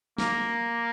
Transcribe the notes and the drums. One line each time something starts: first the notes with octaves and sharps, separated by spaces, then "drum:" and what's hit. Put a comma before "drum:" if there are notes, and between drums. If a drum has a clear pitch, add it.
A#3, drum: snare